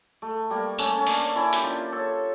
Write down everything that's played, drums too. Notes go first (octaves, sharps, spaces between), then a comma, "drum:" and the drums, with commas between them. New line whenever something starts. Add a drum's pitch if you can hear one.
A3
G3 A#3
A3 C#4, drum: tambourine
C#4
A#3 D4, drum: open hi-hat
C#4 E4
G4, drum: hi-hat
D4 F4
A4 C#5